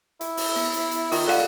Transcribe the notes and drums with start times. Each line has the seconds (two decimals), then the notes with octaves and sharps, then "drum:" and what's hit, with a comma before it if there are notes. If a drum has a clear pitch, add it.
0.21 E4, drum: hi-hat
0.37 drum: open hi-hat
0.56 B3
0.73 drum: hi-hat
0.91 drum: hi-hat
1.12 D#3 F4, drum: open hi-hat
1.27 G3 A4 F5 F#5